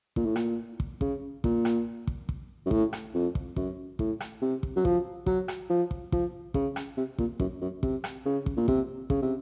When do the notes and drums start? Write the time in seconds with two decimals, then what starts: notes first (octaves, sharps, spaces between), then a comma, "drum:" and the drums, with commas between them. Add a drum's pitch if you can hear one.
0.16 A#2, drum: kick
0.26 A2
0.36 A#2, drum: rim click
0.80 drum: kick
1.01 C#3, drum: kick
1.44 A#2, drum: kick
1.65 drum: rim click
2.07 drum: kick
2.29 drum: kick
2.66 F#2
2.71 A2, drum: kick
2.93 drum: rim click
3.14 F2
3.35 drum: kick
3.56 F#2, drum: kick
3.99 A2, drum: kick
4.20 drum: rim click
4.42 C3
4.63 drum: kick
4.76 F#3
4.85 F3, drum: kick
5.26 F#3, drum: kick
5.48 drum: rim click
5.70 F3
5.91 drum: kick
6.12 F3, drum: kick
6.54 C#3, drum: kick
6.76 drum: rim click
6.97 C3
7.18 A#2, drum: kick
7.40 F#2, drum: kick
7.61 F#2
7.83 C3, drum: kick
8.04 drum: rim click
8.25 C#3
8.46 drum: kick
8.57 A#2
8.68 C3, drum: kick
9.10 C#3, drum: kick
9.22 C3